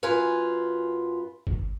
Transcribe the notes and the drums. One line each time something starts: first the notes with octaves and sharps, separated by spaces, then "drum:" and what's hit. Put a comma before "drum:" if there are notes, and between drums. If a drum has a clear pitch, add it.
F#2 F4 B4 G#5
drum: kick G#1